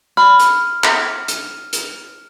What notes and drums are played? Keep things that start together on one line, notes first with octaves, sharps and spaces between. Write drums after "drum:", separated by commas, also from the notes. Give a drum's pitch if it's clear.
B5 F6
drum: hi-hat
drum: clap
drum: hi-hat
drum: hi-hat